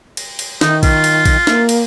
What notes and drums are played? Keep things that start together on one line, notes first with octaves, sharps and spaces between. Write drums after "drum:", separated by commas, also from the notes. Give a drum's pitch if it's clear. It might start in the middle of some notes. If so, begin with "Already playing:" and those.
drum: cymbal
drum: cymbal
D#3 D#4, drum: snare
F4, drum: kick, cymbal
drum: cymbal
drum: kick, cymbal
A#3, drum: snare
drum: cymbal